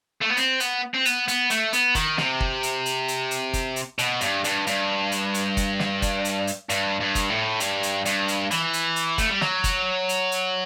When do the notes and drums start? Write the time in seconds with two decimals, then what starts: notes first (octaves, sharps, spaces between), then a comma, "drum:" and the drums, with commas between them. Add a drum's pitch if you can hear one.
0.21 A3
0.30 B3
0.37 C4, drum: hi-hat
0.60 B3, drum: hi-hat
0.94 C4
1.05 B3, drum: hi-hat
1.28 B3, drum: hi-hat
1.50 A3, drum: hi-hat
1.73 B3, drum: hi-hat
1.95 D#3, drum: kick, hi-hat
2.18 C3, drum: snare
2.40 drum: kick
2.63 drum: hi-hat
2.86 drum: hi-hat
3.08 drum: hi-hat
3.31 drum: hi-hat
3.53 drum: kick, hi-hat
3.76 drum: hi-hat
3.99 B2, drum: hi-hat
4.21 G2, drum: hi-hat
4.44 G2, drum: hi-hat
4.67 G2, drum: hi-hat
5.12 drum: hi-hat
5.34 drum: hi-hat
5.57 drum: kick, hi-hat
5.80 drum: snare
6.02 drum: kick, hi-hat
6.25 drum: hi-hat
6.47 drum: hi-hat
6.70 G2, drum: hi-hat
7.00 G2
7.15 drum: kick, hi-hat
7.30 A2
7.60 G2, drum: hi-hat
7.83 drum: hi-hat
8.05 G2, drum: hi-hat
8.28 drum: hi-hat
8.51 E3, drum: hi-hat
8.73 drum: hi-hat
8.96 drum: hi-hat
9.18 A3, drum: kick, hi-hat
9.30 G3
9.41 F#3, drum: snare
9.64 drum: kick, hi-hat
10.09 drum: hi-hat
10.32 drum: hi-hat